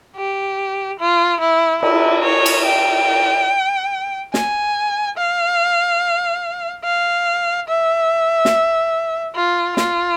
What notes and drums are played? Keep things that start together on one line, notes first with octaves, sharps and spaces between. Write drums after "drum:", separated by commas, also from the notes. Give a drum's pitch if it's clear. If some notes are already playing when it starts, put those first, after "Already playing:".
G4
F4
E4
E4, drum: cymbal
C#5
drum: cymbal
G5
G#5, drum: snare
F5
F5
E5
drum: snare
F4
F4, drum: snare